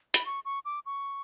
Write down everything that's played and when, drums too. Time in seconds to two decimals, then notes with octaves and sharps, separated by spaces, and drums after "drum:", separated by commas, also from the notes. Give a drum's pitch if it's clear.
0.14 B5, drum: hi-hat
0.26 C#6
0.45 C#6
0.65 D6
0.86 C#6